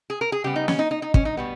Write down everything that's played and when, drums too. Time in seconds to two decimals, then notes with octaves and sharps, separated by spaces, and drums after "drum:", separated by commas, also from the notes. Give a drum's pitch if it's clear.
0.10 G#4
0.21 A#4
0.32 G#4
0.44 C#3 G3 B3 G4
0.56 D#4
0.68 C#4, drum: snare
0.79 D#4
0.91 D#4
1.02 D#4
1.14 C#4, drum: kick
1.25 D#4
1.37 B2 G3 B3